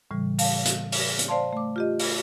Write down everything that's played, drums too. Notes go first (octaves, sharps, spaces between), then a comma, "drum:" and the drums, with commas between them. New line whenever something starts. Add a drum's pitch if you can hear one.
A2 C#3 E3 G3
F5 A5, drum: open hi-hat
drum: hi-hat
drum: open hi-hat
drum: hi-hat
C5 D5 F5 A5 C6
A3 D6
F4 G4 D#5
drum: open hi-hat